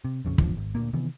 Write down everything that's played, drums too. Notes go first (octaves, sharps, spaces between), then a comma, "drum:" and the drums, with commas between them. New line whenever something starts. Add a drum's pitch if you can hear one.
C3
A#1 F2 C#3
A1 E2 D3 F3, drum: kick
G#1
D2 A#2 A#3
C3 D#3 E3 B3